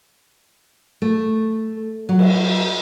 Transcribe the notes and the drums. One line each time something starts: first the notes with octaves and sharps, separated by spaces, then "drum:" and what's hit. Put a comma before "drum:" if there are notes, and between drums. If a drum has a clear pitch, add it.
A3
F#3
drum: cymbal